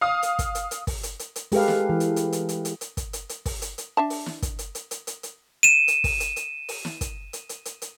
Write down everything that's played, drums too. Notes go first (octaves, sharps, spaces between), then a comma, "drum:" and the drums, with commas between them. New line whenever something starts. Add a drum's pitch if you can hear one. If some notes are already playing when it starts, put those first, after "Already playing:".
F5 D#6
drum: hi-hat
drum: kick, hi-hat
drum: hi-hat
drum: hi-hat
drum: kick, open hi-hat
drum: hi-hat
drum: hi-hat
drum: hi-hat
G#3 G4 A4 B4 F5, drum: open hi-hat
drum: snare
E3
drum: hi-hat
drum: hi-hat
drum: hi-hat
drum: hi-hat
drum: hi-hat
drum: hi-hat
drum: kick, hi-hat
drum: hi-hat
drum: hi-hat
drum: kick, open hi-hat
drum: hi-hat
drum: hi-hat
D4 E5 A5
drum: open hi-hat
drum: snare
drum: kick, hi-hat
drum: hi-hat
drum: hi-hat
drum: hi-hat
drum: hi-hat
drum: hi-hat
D#7 E7
drum: hi-hat
drum: kick, open hi-hat
drum: hi-hat
drum: hi-hat
drum: open hi-hat
drum: snare
drum: kick, hi-hat
drum: hi-hat
drum: hi-hat
drum: hi-hat
drum: hi-hat